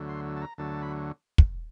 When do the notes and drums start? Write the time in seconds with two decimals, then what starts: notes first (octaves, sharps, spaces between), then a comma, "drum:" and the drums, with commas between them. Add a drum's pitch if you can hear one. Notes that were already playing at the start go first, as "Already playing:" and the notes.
Already playing: D2 D3 F#3 A3
0.09 C6
0.37 A5
0.42 A#5
0.58 D2 D3 F#3 A3 A5
0.82 B5
1.38 drum: kick